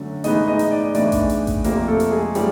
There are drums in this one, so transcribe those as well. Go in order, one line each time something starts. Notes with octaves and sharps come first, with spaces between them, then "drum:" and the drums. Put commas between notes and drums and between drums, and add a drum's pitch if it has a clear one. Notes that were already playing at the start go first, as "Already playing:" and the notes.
Already playing: D3 F#3 A3 C#4
A2 E3 G#3 B3 D#4 D#5, drum: hi-hat
D#4 D#5
drum: hi-hat
D5
D#5
A2 E3 G#3 B3 D4 D5, drum: hi-hat
drum: kick A1, hi-hat
drum: hi-hat
drum: kick A1, hi-hat
F2 C3 F3 A3 A#3 A#4, drum: hi-hat
A3 A4
drum: hi-hat
G#3 G#4
C3 F3 G3 A3 G4, drum: hi-hat